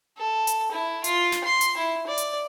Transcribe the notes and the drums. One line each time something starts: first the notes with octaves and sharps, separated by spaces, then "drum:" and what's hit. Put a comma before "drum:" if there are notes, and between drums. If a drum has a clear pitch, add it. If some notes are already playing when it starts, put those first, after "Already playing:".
A4
drum: hi-hat
E4
F4, drum: hi-hat
drum: snare
C6
drum: hi-hat
E4
D5
drum: hi-hat